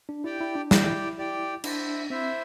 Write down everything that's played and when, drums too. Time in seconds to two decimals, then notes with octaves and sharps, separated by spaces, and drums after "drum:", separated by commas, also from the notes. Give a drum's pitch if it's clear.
0.09 D4
0.24 E4 G4 D5 G5
0.40 E4
0.55 D4
0.71 E4 G4 D5 G5, drum: snare
1.18 G4 D5 G5
1.64 D4 E4 C5 E5, drum: cymbal
2.10 C4 E4 C5 E5